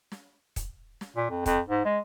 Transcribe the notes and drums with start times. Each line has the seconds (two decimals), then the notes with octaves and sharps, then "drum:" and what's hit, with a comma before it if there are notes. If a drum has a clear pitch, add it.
0.12 drum: snare
0.56 drum: kick, hi-hat
1.01 drum: snare
1.16 A#2
1.30 F2
1.46 F2, drum: kick, hi-hat
1.69 G#2
1.85 G#3